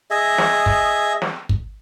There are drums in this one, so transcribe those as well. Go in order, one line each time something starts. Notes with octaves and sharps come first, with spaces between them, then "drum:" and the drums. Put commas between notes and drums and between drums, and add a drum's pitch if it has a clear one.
G#4 D#5 E5
drum: snare
drum: kick
drum: snare
drum: kick